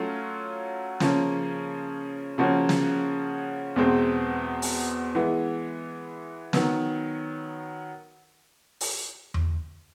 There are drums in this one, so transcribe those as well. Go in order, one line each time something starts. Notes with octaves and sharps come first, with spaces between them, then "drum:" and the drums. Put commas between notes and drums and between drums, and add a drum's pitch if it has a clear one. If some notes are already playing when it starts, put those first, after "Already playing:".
Already playing: F#3 A3 C#4 F4
C#3 F3 A#3 C#4, drum: snare
C#3 F3 A#3 C#4 F#4
drum: snare
E2 B2 G#3 C4
drum: open hi-hat
E3 G#3 B3
D#3 F#3 B3, drum: snare
drum: open hi-hat
drum: tom E2